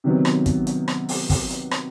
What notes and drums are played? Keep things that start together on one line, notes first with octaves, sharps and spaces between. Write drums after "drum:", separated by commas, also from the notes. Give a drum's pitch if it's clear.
C3 D#3 F#3 B3
drum: rim click
drum: kick, hi-hat
drum: hi-hat
drum: rim click
drum: open hi-hat
drum: kick, open hi-hat
drum: hi-hat
drum: rim click